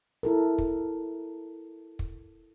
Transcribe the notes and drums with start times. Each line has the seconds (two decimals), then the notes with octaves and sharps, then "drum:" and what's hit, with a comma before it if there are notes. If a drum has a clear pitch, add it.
0.23 E4 A4 A#4
0.58 drum: kick
1.99 drum: kick